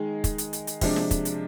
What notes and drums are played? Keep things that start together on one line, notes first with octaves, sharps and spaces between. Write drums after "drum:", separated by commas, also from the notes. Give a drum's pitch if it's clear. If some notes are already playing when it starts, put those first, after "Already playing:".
Already playing: D#3 G#3 D#4 G#4
drum: kick, hi-hat
drum: hi-hat
drum: hi-hat
drum: hi-hat
C3 F3 G#3 D4, drum: kick, open hi-hat
drum: snare
drum: kick, hi-hat
drum: hi-hat